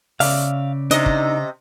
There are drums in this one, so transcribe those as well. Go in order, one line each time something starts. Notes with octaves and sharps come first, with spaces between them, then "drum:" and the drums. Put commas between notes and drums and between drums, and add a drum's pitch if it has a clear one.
C#3 D5 E5 F5, drum: open hi-hat
C3 D4 D#4 D#5, drum: hi-hat
drum: kick